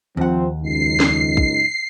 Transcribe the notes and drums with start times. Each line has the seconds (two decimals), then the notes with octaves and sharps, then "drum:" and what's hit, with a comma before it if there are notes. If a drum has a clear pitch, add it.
0.17 D#2 F3 C4 F#5
0.63 C#2 F#2 D#4 C7
1.00 drum: snare
1.37 drum: kick